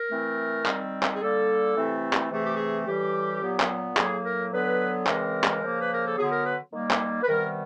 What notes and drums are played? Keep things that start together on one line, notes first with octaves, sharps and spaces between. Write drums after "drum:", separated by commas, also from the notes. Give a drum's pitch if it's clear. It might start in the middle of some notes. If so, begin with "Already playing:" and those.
Already playing: A#4
E3 A3 C4
D#3 G3 C4, drum: clap
drum: clap
G#4
D3 G3 A#3 A4
C3 E3 A3 C4
drum: clap
C3 E3 A3 C4 G#4
G4
G#4
A2 E3 G3 G4
A#2 F#3 B3
drum: clap
A2 F#3 A#3 G#4, drum: clap
A#4
D3 F#3 B3 B4
C#3 E3 G#3 C4 A#4, drum: clap
drum: clap
C#3 F3 A#3
B4
A#4
A4
D3 F#3 B3 G#4
A#4
B4
D#3 G3 A#3
drum: clap
B4
C3 D#3 G3 B3 A#4